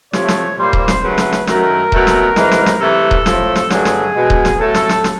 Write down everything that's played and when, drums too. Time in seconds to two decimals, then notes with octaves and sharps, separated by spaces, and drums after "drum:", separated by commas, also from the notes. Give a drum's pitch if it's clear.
0.13 C3 F3 A3 C#5, drum: snare
0.28 drum: snare
0.58 A#2 G3 A#3 C5
0.73 drum: kick D#1
0.88 drum: snare
1.03 C#3 F#3 A3 B4
1.18 drum: snare
1.33 drum: snare
1.47 F#2 D#3 F#3 A3 A#4, drum: snare
1.92 B2 F#3 A3, drum: kick D#1
2.07 drum: snare
2.36 G#2 E3 G#3, drum: snare
2.51 drum: snare
2.66 drum: snare
2.81 C3 E3 A3 A4
3.11 drum: kick D#1
3.26 A2 F3 A3, drum: snare
3.56 drum: snare
3.70 G2 D3 F#3 A3 G#4, drum: snare
3.85 drum: snare
4.15 B2 G#3
4.30 drum: kick D#1
4.45 drum: snare
4.59 A2 F#3 A3 A4
4.74 drum: snare
4.89 drum: snare
5.04 drum: snare